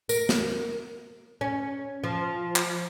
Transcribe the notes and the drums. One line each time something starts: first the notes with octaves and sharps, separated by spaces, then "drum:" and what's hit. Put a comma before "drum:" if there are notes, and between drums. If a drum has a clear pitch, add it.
A#4, drum: tambourine
drum: snare
C#4
F3
drum: clap